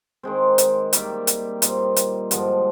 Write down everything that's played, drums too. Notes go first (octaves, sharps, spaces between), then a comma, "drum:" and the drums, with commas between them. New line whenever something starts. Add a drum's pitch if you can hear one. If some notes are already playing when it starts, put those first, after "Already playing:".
D#3 G#3 C4 C5
drum: hi-hat
D#3 G3 A#3 E5, drum: hi-hat
drum: hi-hat
A#2 G3 C4 D#5, drum: hi-hat
drum: hi-hat
G2 D3 F3 G#3 D#5, drum: hi-hat